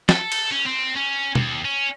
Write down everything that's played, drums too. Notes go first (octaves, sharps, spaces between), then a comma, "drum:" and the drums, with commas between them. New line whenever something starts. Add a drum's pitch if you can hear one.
A4, drum: snare
drum: cymbal
C#4
C4
C#4
D#2, drum: tom
C#4